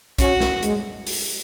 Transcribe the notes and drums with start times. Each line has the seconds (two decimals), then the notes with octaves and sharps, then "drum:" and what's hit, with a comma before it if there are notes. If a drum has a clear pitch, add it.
0.18 C#4 F#4, drum: kick B1, hi-hat
0.40 drum: snare
0.63 G#3, drum: hi-hat
1.07 drum: open hi-hat